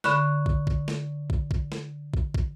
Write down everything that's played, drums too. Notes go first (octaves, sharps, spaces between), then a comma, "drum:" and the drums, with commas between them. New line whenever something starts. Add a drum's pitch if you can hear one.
D3 B5 C#6 F#6, drum: snare
drum: kick
drum: kick
drum: snare
drum: kick
drum: kick
drum: snare
drum: kick
drum: kick